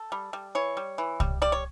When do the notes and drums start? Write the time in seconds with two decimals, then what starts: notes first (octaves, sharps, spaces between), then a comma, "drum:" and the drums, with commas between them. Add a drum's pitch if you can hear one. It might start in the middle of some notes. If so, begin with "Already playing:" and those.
Already playing: A4
0.12 G3
0.33 G3
0.55 E3 C#5
0.77 G3
0.98 E3
1.20 G3, drum: kick C2
1.42 G3 D5
1.52 C#5